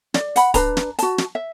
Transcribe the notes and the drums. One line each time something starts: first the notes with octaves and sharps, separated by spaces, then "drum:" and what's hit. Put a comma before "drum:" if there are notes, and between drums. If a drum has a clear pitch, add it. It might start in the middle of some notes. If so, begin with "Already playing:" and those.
D5, drum: snare
F#5 B5, drum: hi-hat
D4 B4 A5 A#5, drum: kick, hi-hat
drum: snare
F#4 A5, drum: hi-hat
drum: snare
E5